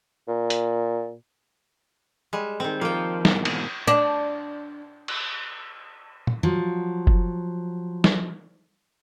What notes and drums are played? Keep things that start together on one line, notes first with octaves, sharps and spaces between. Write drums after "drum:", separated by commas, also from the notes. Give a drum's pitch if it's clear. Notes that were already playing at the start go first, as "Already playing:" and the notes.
A#2
drum: hi-hat
G3 G#3
D#3 C4
F3 A#3 G5
G#2 B2 E3, drum: snare
drum: cymbal
D4
drum: cymbal
drum: tom
F3 F#3
drum: kick F#1
drum: snare